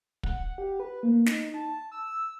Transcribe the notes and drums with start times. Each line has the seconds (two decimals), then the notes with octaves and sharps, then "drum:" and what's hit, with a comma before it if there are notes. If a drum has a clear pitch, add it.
0.23 F#5, drum: kick
0.58 G4
0.80 B4
1.03 A#3
1.26 D#4, drum: snare
1.54 A5
1.92 E6